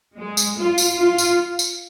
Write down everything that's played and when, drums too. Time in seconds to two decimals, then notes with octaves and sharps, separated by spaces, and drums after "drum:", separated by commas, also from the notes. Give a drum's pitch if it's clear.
0.17 G#3
0.37 drum: tambourine
0.57 F4
0.78 drum: tambourine
0.98 F4
1.18 drum: tambourine
1.59 drum: tambourine